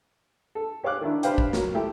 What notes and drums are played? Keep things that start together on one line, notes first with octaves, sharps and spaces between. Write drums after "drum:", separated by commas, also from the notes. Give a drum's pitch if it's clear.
A4
G4 C#5 F5 D6 F#6
D#3 D4 E4
D4 G4 B4 C5 F5 G5, drum: hi-hat
drum: kick
F#3 A#4, drum: snare
A3 E4 G4